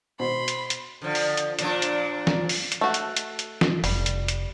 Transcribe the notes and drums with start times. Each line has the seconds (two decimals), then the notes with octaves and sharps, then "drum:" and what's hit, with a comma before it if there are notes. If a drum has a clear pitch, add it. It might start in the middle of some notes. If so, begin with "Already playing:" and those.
0.20 B2 C5 B5 C6
0.48 drum: hi-hat
0.70 drum: hi-hat
1.02 D3 F3
1.15 drum: open hi-hat
1.37 drum: hi-hat
1.59 A#2 F3 D4, drum: hi-hat
1.82 drum: hi-hat
2.27 drum: snare
2.49 drum: open hi-hat
2.72 drum: hi-hat
2.81 A3 F#4
2.94 drum: hi-hat
3.17 drum: hi-hat
3.39 drum: hi-hat
3.61 drum: snare
3.84 F1 G3, drum: open hi-hat
4.06 drum: hi-hat
4.28 drum: hi-hat